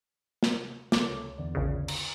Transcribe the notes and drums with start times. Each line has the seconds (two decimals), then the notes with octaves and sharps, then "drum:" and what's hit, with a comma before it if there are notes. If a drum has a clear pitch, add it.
0.43 drum: snare
0.92 C#2 A4 C#5 D6, drum: snare
1.38 E2 D3 D5
1.55 A#1 C#3
1.88 A#5, drum: cymbal